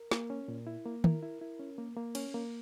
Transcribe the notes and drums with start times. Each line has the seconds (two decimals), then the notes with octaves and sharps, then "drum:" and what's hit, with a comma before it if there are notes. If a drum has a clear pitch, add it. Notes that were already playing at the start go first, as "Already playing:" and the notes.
Already playing: A#4
0.11 A#3, drum: snare
0.30 C#4
0.48 A#2
0.67 E4
0.86 A#3
1.04 E4 A#4, drum: tom D#3
1.23 E4
1.41 E4
1.59 C#4
1.78 A#3
1.97 A#3
2.15 C#4, drum: cymbal
2.34 A#3